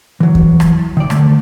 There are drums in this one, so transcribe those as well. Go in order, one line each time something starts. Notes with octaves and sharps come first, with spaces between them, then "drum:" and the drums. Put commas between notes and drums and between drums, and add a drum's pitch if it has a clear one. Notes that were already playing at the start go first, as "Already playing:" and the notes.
E3 F#3
drum: kick E2
drum: rim click
D#3 D5
D3 A3, drum: rim click